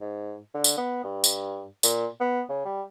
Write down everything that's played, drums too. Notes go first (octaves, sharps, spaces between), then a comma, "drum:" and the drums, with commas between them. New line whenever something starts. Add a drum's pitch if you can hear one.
G#2
D3
drum: tambourine
B3
G2
drum: tambourine
A#2, drum: tambourine
B3
C#3
G3